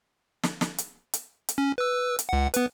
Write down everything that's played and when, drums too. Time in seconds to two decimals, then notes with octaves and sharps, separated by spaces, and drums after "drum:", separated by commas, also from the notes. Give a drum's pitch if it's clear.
0.43 drum: snare
0.61 drum: snare
0.78 drum: hi-hat
1.13 drum: hi-hat
1.49 drum: hi-hat
1.58 C#4
1.78 B4 E6
2.19 drum: hi-hat
2.29 C#2 F#5
2.54 B3 B4, drum: hi-hat